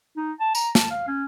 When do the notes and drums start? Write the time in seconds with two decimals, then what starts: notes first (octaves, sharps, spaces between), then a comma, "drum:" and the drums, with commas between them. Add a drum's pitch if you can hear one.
0.17 D#4
0.40 A5
0.55 A#5, drum: tambourine
0.75 A5, drum: snare
0.91 F5
1.07 C#4